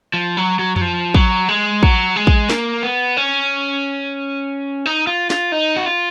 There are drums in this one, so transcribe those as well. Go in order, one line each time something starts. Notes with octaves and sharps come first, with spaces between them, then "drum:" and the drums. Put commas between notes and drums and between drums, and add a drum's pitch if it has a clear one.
F3
F#3
F#3
F#3, drum: tom F2
F3
F#3, drum: kick
G#3
F#3, drum: kick
G#3
drum: kick
A#3, drum: snare
B3
C#4
D#4
F4
F4, drum: snare
D#4
F#4
F4